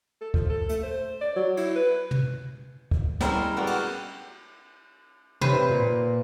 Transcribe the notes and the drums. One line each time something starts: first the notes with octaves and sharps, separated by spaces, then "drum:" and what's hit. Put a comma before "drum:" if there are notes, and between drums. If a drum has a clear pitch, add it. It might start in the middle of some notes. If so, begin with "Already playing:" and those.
A4
F3, drum: kick
A4
A3, drum: hi-hat
C5
D5
F#3
E4, drum: cymbal
B4
drum: tom
drum: kick
G3 G#3 C4 C#4 E4 A#4, drum: snare
B3 F#4 G4 A#4 D5
drum: cymbal
C3 B4 C5, drum: tom
A#2